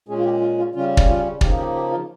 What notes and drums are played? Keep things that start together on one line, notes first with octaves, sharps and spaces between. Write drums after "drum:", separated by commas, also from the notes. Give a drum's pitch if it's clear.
A#2 G#3 C#4 G#4
F4
G4
F4
F4
C#3 G3 C#4 F4
drum: kick
F4
C#3 F3 A#3 D#4 G4, drum: kick
G4
G4
F4